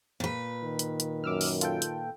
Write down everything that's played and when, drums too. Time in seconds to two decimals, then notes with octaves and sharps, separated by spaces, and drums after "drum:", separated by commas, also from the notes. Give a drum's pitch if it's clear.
0.20 A#2 B4
0.63 D#3
0.79 drum: hi-hat
1.00 drum: hi-hat
1.24 F#2 D6 E6 F6
1.41 drum: open hi-hat
1.61 F4 A4 G5, drum: hi-hat
1.82 drum: hi-hat